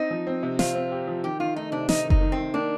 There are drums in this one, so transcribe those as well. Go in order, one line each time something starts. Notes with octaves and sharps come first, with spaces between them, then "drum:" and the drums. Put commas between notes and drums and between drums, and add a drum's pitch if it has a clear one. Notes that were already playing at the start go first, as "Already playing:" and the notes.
Already playing: C4 D#4
F3
C4
C3
C3 F4, drum: snare
C4
G4
F3
D#3 G4
D#3 F4
A3 D#4
C3 D4
C3 D#4, drum: snare
D#3
D#4, drum: kick F#1
D#3
C4
D#3
A#3 D4